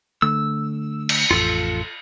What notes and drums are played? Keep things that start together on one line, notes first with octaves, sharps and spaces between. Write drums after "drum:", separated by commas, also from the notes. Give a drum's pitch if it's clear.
D3 A3 E6
drum: cymbal
A1 F2 F4 A4